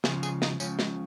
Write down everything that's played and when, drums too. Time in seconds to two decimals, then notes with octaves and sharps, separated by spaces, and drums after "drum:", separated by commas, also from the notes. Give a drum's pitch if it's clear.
0.04 C#2 C#3 F3 G#4, drum: snare
0.23 G#4, drum: tambourine
0.42 D#4, drum: snare
0.60 C#2 C#3 F3 C#4, drum: tambourine
0.79 G#3, drum: snare